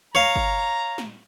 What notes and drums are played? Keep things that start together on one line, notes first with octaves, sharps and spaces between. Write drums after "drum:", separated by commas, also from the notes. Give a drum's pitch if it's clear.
C#5 F5 A#5, drum: snare
drum: kick G1
drum: snare